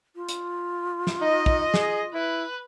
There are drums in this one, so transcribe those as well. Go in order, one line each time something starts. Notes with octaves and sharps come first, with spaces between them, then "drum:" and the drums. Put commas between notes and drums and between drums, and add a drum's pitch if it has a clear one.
F4
drum: hi-hat
drum: snare
D#4 D#5
drum: kick
G#4, drum: snare
E4 B4